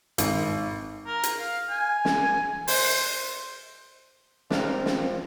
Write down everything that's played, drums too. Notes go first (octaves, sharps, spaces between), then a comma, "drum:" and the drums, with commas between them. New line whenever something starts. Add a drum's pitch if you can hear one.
G#1, drum: hi-hat
A#4
drum: hi-hat
F5
G#5
drum: snare
C5, drum: open hi-hat
D#2 A3 C4 D4 A#4 F5, drum: snare
F3, drum: snare